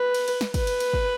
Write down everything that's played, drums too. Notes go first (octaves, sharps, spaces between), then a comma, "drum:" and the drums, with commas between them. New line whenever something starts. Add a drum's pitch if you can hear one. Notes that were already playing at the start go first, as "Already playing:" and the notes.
Already playing: B4
drum: cymbal
drum: cymbal
drum: snare
B4, drum: kick, cymbal
drum: cymbal
drum: cymbal
drum: kick